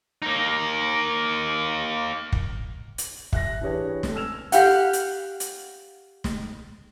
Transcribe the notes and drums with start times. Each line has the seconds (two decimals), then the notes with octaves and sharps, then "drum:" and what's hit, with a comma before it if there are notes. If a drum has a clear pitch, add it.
0.22 A#3 D#4
2.32 drum: kick
2.98 drum: hi-hat
3.32 E5 F#6 A#6, drum: kick
3.61 E3 D4 G4 G#4 B4 C#5
4.03 C4 A4, drum: snare
4.16 E6 F6 G#6 E7 F7
4.52 G4 F5 F#5, drum: hi-hat
4.93 drum: hi-hat
5.40 drum: hi-hat
6.24 drum: snare